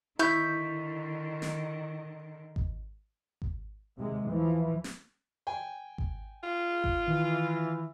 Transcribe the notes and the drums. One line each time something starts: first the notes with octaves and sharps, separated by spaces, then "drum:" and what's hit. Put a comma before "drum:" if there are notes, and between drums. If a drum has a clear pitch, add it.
D3 D#3 E4 C#6 G6 B6
drum: snare
drum: kick G#1
drum: kick G#1
D#2 C3 G#3
E3 F3
drum: snare
G5 G#5
drum: kick G#1
F4
drum: kick G#1
D#3 E3